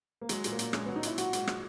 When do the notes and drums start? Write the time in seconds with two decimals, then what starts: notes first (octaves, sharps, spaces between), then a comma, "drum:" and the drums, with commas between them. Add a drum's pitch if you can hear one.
0.21 A#3
0.29 F#3 G#3, drum: hi-hat
0.44 A#2 G#3, drum: hi-hat
0.52 A#3
0.59 A#2, drum: hi-hat
0.73 G#3 C#4, drum: rim click
0.85 F#3 B3
0.96 D#4
1.03 A#2 E4, drum: hi-hat
1.18 F#3 F#4, drum: hi-hat
1.33 G#2, drum: hi-hat
1.47 drum: rim click